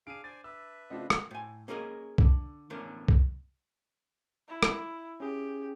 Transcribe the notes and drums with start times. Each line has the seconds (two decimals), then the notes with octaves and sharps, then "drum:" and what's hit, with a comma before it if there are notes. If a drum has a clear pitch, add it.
0.07 D4 G#4 F5 D7 D#7
0.24 C5 D5 G#5 A6
0.44 B4 E5 E6
0.90 C#3 A3 C4 D4 F4 D#5
1.10 drum: rim click
1.31 A2 G#5
1.68 A#3 C#4 G#4 A#4 D#5
2.18 D3, drum: kick
2.70 E2 A2 D3 C#4 D4 A#4
3.08 drum: kick
4.48 E4
4.63 drum: rim click
5.20 C#4 G4 G#4